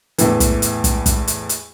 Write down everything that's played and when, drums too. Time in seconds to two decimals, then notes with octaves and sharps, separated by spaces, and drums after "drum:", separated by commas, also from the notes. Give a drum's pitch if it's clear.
0.18 E2 A2 E3, drum: hi-hat
0.40 drum: kick, hi-hat
0.62 drum: hi-hat
0.84 drum: kick, hi-hat
1.06 drum: kick, hi-hat
1.27 drum: hi-hat
1.49 drum: hi-hat